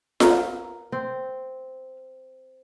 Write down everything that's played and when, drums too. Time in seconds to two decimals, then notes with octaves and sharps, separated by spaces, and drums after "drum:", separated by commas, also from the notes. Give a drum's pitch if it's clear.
0.20 A#4 B4, drum: snare F4
0.92 C4